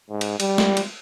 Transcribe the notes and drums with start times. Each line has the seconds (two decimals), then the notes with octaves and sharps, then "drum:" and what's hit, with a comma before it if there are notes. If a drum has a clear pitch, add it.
0.10 G#2
0.21 drum: cymbal
0.40 G3, drum: cymbal
0.58 drum: snare
0.77 drum: cymbal